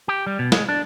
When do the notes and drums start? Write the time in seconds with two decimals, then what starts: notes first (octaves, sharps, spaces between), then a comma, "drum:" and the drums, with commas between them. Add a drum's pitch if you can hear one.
0.08 G4
0.26 G3
0.39 B2
0.52 G#3, drum: snare
0.69 D4